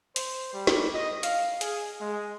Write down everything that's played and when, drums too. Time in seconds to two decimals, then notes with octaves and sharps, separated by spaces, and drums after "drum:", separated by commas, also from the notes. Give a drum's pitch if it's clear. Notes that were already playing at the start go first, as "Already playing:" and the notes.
0.16 C5, drum: hi-hat
0.53 G3
0.67 drum: snare
0.94 D#5
1.23 F5, drum: hi-hat
1.61 G#4, drum: hi-hat
2.01 G#3